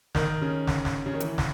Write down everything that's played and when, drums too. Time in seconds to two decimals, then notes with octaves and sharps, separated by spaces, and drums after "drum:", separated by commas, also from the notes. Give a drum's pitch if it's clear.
0.15 D#3, drum: snare
0.42 C#3
0.67 drum: snare
0.85 drum: snare
1.06 C#3
1.14 D#3
1.20 E3, drum: hi-hat
1.38 drum: snare